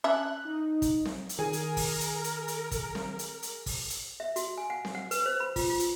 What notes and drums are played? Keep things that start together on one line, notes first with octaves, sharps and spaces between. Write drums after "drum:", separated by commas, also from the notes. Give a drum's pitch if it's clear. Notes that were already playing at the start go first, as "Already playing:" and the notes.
C#4 D4 E5 F#6
D#4
drum: kick, hi-hat
drum: snare C4
drum: hi-hat
D#3 G#4 A#4
drum: hi-hat
drum: kick, open hi-hat
drum: hi-hat
drum: hi-hat
drum: hi-hat
drum: kick, hi-hat
drum: snare C4
drum: hi-hat
drum: hi-hat
drum: kick, open hi-hat
drum: hi-hat
E5
F#4, drum: hi-hat
G#5
F#5
drum: snare C4
F#5
B4, drum: hi-hat
C5
B5
F4, drum: kick, open hi-hat
F4
drum: hi-hat